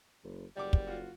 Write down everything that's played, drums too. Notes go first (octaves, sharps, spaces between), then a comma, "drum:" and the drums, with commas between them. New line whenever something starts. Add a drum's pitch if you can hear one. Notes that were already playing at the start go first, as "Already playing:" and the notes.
F#1
F#1 G3 D5 F#5 D6
drum: kick
F4 F#4